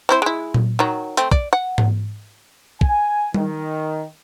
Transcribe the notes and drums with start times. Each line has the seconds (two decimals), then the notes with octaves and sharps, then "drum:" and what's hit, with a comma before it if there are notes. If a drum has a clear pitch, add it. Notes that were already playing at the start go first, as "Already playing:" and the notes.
0.09 C4 E4 C5
0.22 G#3 E4
0.54 drum: tom A#2
0.79 D#3 F#3
1.17 A3 C4, drum: hi-hat
1.31 D5, drum: kick
1.53 F#5
1.78 drum: tom G#2
2.81 G#5, drum: kick
3.34 D#3, drum: tom G3